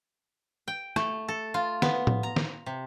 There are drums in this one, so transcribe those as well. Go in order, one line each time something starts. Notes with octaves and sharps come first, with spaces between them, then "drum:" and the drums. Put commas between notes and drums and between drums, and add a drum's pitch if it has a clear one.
G5
A3, drum: rim click
A4
F4
B3, drum: snare
drum: tom A2
A#5
drum: snare
C3